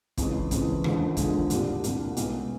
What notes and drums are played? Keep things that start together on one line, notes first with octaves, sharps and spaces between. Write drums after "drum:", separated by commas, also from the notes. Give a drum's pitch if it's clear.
F2 C#3 E3 G#3 C#4, drum: kick, hi-hat
F2 C#3 E3 G#3 C#4, drum: kick, hi-hat
E1 D#2 D3 F3 G#3, drum: rim click
E1 D#2 D3 F3 G#3, drum: kick, hi-hat
C2 A#2 G3 A#3 D4, drum: hi-hat
C2 A#2 G3 A#3 D4, drum: hi-hat
B1 B2 G#3 C#4, drum: hi-hat